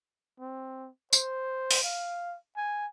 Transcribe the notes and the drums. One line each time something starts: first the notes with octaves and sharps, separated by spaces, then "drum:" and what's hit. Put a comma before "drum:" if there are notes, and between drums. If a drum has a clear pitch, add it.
C4
C5, drum: tambourine
drum: open hi-hat
F5
G#5